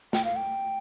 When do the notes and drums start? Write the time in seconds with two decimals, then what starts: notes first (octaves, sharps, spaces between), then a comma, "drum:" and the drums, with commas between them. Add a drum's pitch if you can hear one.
0.13 G5, drum: snare
0.24 F5
0.36 G5